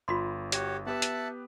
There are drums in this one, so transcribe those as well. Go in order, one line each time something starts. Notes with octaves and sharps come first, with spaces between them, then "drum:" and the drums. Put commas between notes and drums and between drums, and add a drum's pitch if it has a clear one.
G1 F4 B5 C6
F#4 G4 C#5, drum: hi-hat
B3 G4 B4 E5 F#5 A5
drum: hi-hat